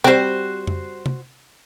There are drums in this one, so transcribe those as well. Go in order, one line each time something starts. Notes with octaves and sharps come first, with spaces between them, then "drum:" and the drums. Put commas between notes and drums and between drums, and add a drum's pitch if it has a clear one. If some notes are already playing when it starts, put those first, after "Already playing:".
G3 C4 F#4 C5, drum: tom C3
drum: tom F2
drum: tom C3